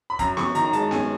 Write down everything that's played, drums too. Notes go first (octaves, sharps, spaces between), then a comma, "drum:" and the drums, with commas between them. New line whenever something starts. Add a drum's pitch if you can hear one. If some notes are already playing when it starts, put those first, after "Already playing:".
B5
F#2 A#5, drum: kick, hi-hat
F#2 C#6, drum: snare B3
D#3 A#5, drum: hi-hat
A#5
G#3 A5, drum: hi-hat
F#2 G#5, drum: snare B3